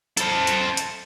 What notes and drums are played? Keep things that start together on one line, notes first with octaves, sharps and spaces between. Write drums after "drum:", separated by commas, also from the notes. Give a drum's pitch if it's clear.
A4 C5, drum: hi-hat
drum: hi-hat
drum: hi-hat